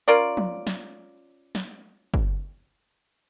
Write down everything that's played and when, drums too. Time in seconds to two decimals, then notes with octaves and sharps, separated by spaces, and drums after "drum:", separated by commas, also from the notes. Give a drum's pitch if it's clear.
0.08 C#4 F4 A#4 D5
0.37 drum: tom F3
0.67 drum: snare
1.55 drum: snare
2.14 drum: kick